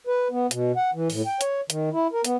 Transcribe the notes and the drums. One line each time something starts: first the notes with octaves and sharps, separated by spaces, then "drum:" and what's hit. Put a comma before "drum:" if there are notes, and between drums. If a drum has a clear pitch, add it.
B4
B3
B2, drum: hi-hat
F#5
E3
A2, drum: open hi-hat
G5
C#5, drum: hi-hat
D#3, drum: hi-hat
E4
A#4
B3, drum: hi-hat